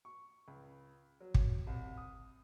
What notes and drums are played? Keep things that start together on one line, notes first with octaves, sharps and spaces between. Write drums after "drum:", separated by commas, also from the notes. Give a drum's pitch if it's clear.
C#6
C#2
F#3
drum: kick
C2
D#6